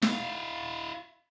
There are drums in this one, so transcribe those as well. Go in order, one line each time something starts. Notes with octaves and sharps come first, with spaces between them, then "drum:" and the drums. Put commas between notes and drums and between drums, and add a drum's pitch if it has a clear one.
E4 F5, drum: snare